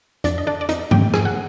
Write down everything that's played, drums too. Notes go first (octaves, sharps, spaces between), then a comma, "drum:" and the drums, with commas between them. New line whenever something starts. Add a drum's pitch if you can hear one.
F2 D4 D5, drum: hi-hat
D#5
D3 D4 D5
D5
F2 D#4 D#5, drum: hi-hat
D3 G4 G5, drum: tom G2
F2 G#4 G#5, drum: rim click
F#5